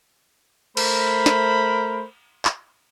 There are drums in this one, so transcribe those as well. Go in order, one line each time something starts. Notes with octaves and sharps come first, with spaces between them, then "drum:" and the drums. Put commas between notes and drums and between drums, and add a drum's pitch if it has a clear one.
A3 A#4 C5 B5, drum: cymbal
drum: snare
drum: clap